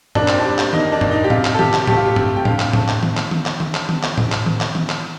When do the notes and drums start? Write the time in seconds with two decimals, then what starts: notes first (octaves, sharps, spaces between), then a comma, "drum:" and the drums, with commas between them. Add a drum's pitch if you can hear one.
0.15 A#2 D4, drum: tom G2
0.28 C4, drum: clap
0.40 G3 D4
0.58 drum: clap
0.73 A#3 D#4, drum: tom D#3
0.92 D4
1.01 A#2, drum: tom G2
1.11 D#4
1.24 G4
1.30 C3 F4, drum: tom A2
1.45 drum: clap
1.54 A4
1.59 F3 G4, drum: tom D#3
1.73 drum: clap
1.87 A3 G4, drum: tom A2
1.97 F4
2.05 G4
2.16 C3, drum: tom G2
2.36 G5
2.45 D3 F5, drum: tom A2
2.60 drum: clap
2.73 A3, drum: tom A2
2.88 drum: clap
3.03 drum: tom D#3
3.17 drum: clap
3.31 drum: tom D#3
3.46 drum: clap
3.60 drum: tom D#3
3.74 drum: clap
3.89 drum: tom D#3
4.03 drum: clap
4.18 drum: tom A2
4.32 drum: clap
4.46 drum: tom D#3
4.61 drum: clap
4.75 drum: tom D#3
4.89 drum: clap